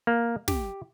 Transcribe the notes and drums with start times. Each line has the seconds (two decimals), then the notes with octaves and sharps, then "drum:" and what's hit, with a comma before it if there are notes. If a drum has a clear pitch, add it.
0.07 A#3
0.48 G4, drum: snare